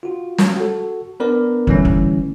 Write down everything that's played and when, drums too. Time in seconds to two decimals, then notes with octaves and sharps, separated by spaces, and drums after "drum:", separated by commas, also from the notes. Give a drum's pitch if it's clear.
0.03 F4 F#4
0.38 drum: snare
0.56 F#4 A4
1.20 B3 D4 A#4 B4 D5 A#5
1.67 D3 E3 G3 A3 C#4 E4, drum: kick
1.85 drum: kick